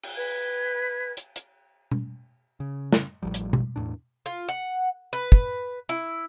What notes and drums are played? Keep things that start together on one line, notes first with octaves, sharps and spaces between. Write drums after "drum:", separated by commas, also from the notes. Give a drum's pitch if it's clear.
drum: cymbal
B4 G#6
drum: hi-hat
drum: hi-hat
drum: tom B2
C#3
drum: snare
A1 F3 G3
drum: hi-hat
drum: tom B2
E2 A2 D4
F4
F#5
B4
drum: kick
E4